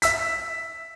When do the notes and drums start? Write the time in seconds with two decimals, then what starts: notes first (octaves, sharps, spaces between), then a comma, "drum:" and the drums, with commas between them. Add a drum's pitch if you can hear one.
0.02 E5 E6 B6, drum: hi-hat